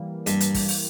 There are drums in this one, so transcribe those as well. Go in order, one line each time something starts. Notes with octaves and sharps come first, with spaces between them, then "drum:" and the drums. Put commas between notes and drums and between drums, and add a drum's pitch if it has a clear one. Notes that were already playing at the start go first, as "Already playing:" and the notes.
Already playing: E3 G3 A#3
G2, drum: hi-hat
drum: hi-hat
drum: kick, open hi-hat
drum: open hi-hat